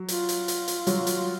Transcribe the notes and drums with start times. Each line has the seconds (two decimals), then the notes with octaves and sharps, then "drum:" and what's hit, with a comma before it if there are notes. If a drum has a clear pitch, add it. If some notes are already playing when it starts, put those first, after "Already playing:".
Already playing: F#3
0.08 F4, drum: hi-hat
0.29 drum: hi-hat
0.48 drum: hi-hat
0.68 drum: hi-hat
0.87 F#3, drum: hi-hat
1.07 drum: hi-hat